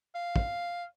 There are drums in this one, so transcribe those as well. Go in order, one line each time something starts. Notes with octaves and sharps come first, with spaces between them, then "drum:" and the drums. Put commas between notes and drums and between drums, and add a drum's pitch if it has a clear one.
F5
drum: kick